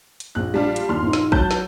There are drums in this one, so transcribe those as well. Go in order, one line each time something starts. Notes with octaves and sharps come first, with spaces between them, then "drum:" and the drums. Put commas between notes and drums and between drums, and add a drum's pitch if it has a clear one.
drum: hi-hat
A#1 F#6
G3 D4 F4
drum: hi-hat
D#2 C6 F6
A#1 D#4
drum: snare
F#3 A5 F#6 G6, drum: kick A1
drum: snare